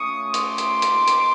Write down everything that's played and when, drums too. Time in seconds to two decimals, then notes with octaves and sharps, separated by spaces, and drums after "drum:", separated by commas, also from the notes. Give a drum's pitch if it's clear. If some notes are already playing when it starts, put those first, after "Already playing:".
Already playing: A3 C#4 F4 C#6 D#6
0.34 C6 D6, drum: hi-hat
0.58 drum: hi-hat
0.82 A#3 D#4 G4, drum: hi-hat
1.08 drum: hi-hat